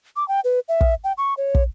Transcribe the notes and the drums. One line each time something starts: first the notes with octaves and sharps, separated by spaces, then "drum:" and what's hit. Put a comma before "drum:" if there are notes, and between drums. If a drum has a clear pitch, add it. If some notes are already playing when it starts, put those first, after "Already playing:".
D6
G5
B4
E5
drum: kick
G5
C#6
C#5
drum: kick